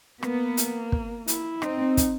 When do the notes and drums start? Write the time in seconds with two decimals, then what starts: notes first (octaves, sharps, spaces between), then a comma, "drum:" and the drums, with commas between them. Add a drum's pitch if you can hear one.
0.23 A#3 B3, drum: rim click
0.57 drum: hi-hat
0.92 drum: kick
1.28 E4, drum: hi-hat
1.62 C4 D#4, drum: rim click
1.97 drum: kick, hi-hat